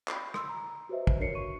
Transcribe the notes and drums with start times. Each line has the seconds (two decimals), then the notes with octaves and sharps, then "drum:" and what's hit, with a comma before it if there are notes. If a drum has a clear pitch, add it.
0.08 B5 G6 C7, drum: clap
0.34 C6 E6, drum: rim click
0.49 A#5
0.89 F#4 G4 B4 C5 D#5 E5
1.07 drum: kick
1.20 D4 F#4 A#4 C#5 C7 C#7
1.35 C#6 D#7